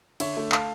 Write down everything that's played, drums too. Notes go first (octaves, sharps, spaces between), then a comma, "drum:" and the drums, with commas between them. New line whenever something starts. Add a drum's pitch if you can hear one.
D3 C#5 E5, drum: cymbal
A3
F5 A5, drum: clap